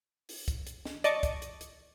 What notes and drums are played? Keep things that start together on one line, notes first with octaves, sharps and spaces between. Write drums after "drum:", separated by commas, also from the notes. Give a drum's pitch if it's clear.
drum: open hi-hat
drum: kick, hi-hat
drum: hi-hat
drum: snare
D5 D#5 A5 C#6 D6, drum: hi-hat
drum: kick, hi-hat
drum: hi-hat
drum: hi-hat